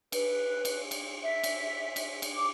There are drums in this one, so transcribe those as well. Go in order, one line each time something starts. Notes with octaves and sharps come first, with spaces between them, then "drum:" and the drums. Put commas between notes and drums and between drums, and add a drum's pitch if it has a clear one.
B4, drum: cymbal
drum: cymbal
drum: cymbal
E5
drum: cymbal
drum: cymbal
drum: cymbal
D6